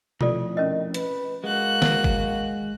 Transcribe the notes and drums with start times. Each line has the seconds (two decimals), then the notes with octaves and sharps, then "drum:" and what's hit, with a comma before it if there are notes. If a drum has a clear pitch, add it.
0.21 F2 A2 F4 A4 D5, drum: tom B2
0.57 D#3 C#4 D#5
0.94 B4, drum: hi-hat
1.44 G#3 A#3 F#4 F#6
1.82 drum: snare
2.04 drum: kick